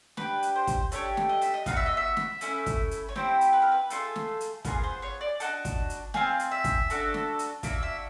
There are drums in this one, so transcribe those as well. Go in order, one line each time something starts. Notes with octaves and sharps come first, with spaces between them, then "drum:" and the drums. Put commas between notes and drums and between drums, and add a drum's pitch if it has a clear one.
D4 G4 B4, drum: snare
drum: hi-hat
C5
drum: kick, hi-hat
A3 D4 G4 C#5, drum: hi-hat
drum: snare
D#5
E5, drum: hi-hat
D#5
B3 D#4 F5, drum: kick, hi-hat
F#4 E5
D#5
E5
drum: snare
A3 C#4 E4, drum: hi-hat
drum: kick, hi-hat
drum: hi-hat
C#5
C4 E4 G4 C5, drum: snare
drum: hi-hat
B4
A#4
B4
A3 D4 F4 G#4 A4, drum: hi-hat
drum: snare
drum: hi-hat
B3 D4 F4 G#4 A#4, drum: kick, hi-hat
C5
C#5
D5
D4 F#4 A4 D#5, drum: hi-hat
drum: kick, hi-hat
drum: hi-hat
C4 F4 G#4 F5, drum: snare
drum: hi-hat
E5
drum: kick, hi-hat
D4 F#4 A4, drum: hi-hat
drum: snare
drum: hi-hat
A#3 D4 F#4 E5, drum: kick, hi-hat
E5